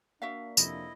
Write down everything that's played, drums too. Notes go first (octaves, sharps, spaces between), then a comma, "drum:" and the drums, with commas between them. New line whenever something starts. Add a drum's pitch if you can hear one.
A#3 D4 F#4 E5 F5
F2 C3 E4 D#5, drum: tambourine